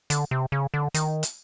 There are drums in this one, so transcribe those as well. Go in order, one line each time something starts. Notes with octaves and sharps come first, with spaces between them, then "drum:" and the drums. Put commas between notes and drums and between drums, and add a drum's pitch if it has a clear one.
D3, drum: hi-hat
C3
C#3
D3
D#3, drum: hi-hat
drum: hi-hat